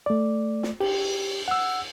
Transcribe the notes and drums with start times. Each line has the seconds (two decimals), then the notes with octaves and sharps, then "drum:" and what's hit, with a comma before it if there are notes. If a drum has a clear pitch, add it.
0.06 A3 D5
0.63 drum: snare
0.80 G4, drum: cymbal
1.48 F#5 E6